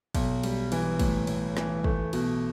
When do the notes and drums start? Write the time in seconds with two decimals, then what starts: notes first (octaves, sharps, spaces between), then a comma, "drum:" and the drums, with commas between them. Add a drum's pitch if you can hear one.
0.15 B1, drum: kick, cymbal
0.43 G3, drum: cymbal
0.72 E3, drum: cymbal
0.99 A2, drum: kick, cymbal
1.27 A2, drum: cymbal
1.57 E3, drum: snare
1.84 A3, drum: kick
2.13 B2, drum: cymbal